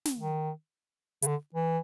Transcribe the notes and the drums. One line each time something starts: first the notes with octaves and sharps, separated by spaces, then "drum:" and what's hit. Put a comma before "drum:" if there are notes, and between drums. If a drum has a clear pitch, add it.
drum: snare
D#3
C#3, drum: hi-hat
D3
E3